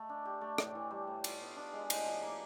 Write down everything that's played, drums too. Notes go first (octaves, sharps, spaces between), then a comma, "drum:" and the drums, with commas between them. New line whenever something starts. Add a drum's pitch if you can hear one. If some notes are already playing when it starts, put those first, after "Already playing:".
Already playing: A3
D4
G4
A3
A2, drum: rim click
E3
G3
A2
F4, drum: cymbal
B3
D4
G#3
A2, drum: cymbal
F3
A#3